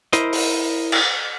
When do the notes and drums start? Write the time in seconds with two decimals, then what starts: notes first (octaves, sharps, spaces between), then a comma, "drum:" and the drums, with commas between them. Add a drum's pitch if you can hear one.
0.13 E4 A#4 C5 D#5, drum: hi-hat
0.33 drum: open hi-hat
0.92 drum: cymbal